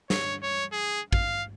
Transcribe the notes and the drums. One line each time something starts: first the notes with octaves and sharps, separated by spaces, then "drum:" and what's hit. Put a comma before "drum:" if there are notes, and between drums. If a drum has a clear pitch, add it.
C#5, drum: snare
C#5
G#4
F5, drum: kick